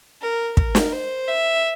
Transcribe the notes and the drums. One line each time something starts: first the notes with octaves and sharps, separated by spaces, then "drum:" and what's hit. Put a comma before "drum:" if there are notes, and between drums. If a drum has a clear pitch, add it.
A#4
A#4, drum: kick
drum: snare
C5
E5